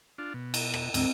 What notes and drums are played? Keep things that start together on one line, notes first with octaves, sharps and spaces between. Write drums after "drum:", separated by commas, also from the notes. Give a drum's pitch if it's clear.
D4 F4
B2
drum: cymbal
drum: rim click
D2 G#2 C4 E6, drum: cymbal